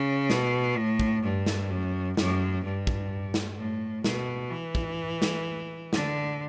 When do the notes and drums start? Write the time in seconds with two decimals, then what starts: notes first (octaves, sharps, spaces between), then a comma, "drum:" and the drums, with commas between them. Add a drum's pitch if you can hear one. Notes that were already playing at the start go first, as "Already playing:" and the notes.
Already playing: C#3
0.30 B2, drum: snare
0.77 A2
1.00 drum: kick
1.23 G2
1.46 drum: snare
1.70 F#2
2.17 F#2, drum: snare
2.64 G2
2.87 drum: kick
3.34 drum: snare
3.57 A2
4.04 B2, drum: snare
4.51 E3
4.75 drum: kick
5.22 drum: snare
5.93 D3, drum: snare